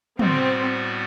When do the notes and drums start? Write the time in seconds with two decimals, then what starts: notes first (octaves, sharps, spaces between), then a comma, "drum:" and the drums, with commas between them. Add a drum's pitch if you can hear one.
0.19 A2 G3 B3 C4 F#4, drum: tom